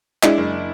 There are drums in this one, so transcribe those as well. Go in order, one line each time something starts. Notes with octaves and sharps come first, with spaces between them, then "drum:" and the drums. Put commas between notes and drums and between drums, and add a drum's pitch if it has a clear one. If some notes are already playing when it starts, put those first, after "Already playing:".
G#3 D4 E4, drum: clap
F#1